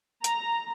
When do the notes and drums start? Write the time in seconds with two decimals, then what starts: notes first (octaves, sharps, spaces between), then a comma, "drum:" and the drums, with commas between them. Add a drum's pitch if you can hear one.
0.24 A#5, drum: hi-hat